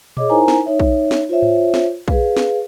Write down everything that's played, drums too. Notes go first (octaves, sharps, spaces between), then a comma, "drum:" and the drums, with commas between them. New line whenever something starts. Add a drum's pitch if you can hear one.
G#4 C#5 D#5 D6, drum: tom A#2
D#4 E4 A#4 C5 G#5 A#5
drum: snare
D#4 C#5 E5
drum: kick
drum: snare
F4 C5 C#5 E5
drum: tom G#2
drum: snare
G#4 B4 F5, drum: kick
drum: snare